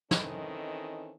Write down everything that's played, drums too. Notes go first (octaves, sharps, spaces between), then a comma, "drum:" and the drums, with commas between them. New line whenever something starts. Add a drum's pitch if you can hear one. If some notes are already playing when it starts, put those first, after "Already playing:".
D#3 E3 C4 C#4 A4 D#5, drum: snare